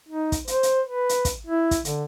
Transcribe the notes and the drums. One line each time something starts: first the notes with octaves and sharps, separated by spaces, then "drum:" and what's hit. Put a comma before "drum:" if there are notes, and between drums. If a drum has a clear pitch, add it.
D#4
drum: kick, hi-hat
C5, drum: hi-hat
drum: hi-hat
B4
drum: hi-hat
drum: kick, hi-hat
E4
drum: kick, hi-hat
D3, drum: hi-hat